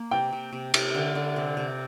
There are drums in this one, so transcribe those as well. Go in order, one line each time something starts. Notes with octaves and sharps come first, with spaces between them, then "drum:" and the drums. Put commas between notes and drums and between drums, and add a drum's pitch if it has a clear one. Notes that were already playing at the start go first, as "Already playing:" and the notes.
Already playing: A#3
C3 G5
C3
C3
C3, drum: cymbal
D3
D3
C3
C3